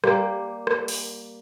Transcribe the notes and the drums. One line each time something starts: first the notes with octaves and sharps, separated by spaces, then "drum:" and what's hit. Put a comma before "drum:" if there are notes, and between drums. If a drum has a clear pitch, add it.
G3 A#3 G4, drum: rim click
drum: rim click
drum: open hi-hat